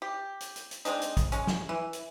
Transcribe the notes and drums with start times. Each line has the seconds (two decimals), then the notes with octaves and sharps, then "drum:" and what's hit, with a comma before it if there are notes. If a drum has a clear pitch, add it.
0.02 G4
0.41 drum: hi-hat
0.56 drum: hi-hat
0.71 drum: hi-hat
0.85 G#3 C4 D4 D#4, drum: hi-hat
1.02 drum: hi-hat
1.17 drum: kick A1, hi-hat
1.32 G#3 C#4, drum: hi-hat
1.47 drum: snare
1.69 E3
1.93 drum: hi-hat